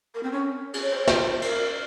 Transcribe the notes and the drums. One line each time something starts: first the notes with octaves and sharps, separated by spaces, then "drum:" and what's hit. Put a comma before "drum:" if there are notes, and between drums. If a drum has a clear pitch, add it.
A#4
C4
C#4
G#4, drum: cymbal
C#5
C5
C#5
C5, drum: snare
A#4, drum: cymbal